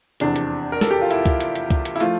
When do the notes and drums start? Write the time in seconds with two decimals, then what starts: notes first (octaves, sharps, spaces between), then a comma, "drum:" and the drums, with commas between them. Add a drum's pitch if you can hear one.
0.20 F1 E2 C3 D4, drum: hi-hat
0.36 drum: hi-hat
0.72 A#4
0.81 A4, drum: snare
0.91 G4
1.01 F4
1.11 E4, drum: hi-hat
1.26 drum: kick C2, hi-hat
1.40 drum: hi-hat
1.55 drum: hi-hat
1.70 drum: kick C2, hi-hat
1.85 drum: hi-hat
1.96 E4
2.00 F3 A3 F4, drum: hi-hat